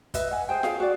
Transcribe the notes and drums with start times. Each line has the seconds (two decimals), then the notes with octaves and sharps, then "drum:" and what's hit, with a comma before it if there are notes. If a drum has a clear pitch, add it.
0.14 B4 D#5 E5, drum: kick, hi-hat
0.31 F#5 G#5
0.49 G#4 C5 G5
0.63 G#4 F5, drum: snare F4
0.80 F#4 D5